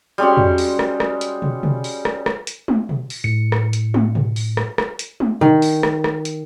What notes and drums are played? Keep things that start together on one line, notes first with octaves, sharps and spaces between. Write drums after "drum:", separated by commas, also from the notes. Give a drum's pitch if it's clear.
G3 G#3 C#4 F#4
drum: tom
drum: open hi-hat
drum: rim click
drum: rim click
drum: hi-hat
drum: tom
drum: tom
drum: open hi-hat
drum: rim click
drum: rim click
drum: hi-hat
drum: tom
drum: tom
drum: open hi-hat
A2 C#7
drum: rim click
drum: hi-hat
drum: tom
drum: tom
drum: open hi-hat
drum: rim click
drum: rim click
drum: hi-hat
drum: tom
D#3, drum: tom
drum: open hi-hat
drum: rim click
drum: rim click
drum: hi-hat